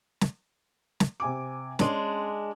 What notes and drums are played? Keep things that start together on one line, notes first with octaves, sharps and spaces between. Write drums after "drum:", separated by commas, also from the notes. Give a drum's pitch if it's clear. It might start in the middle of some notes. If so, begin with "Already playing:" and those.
drum: snare
drum: snare
C3 G#5 D6
G#3 C#4 D4 C6, drum: snare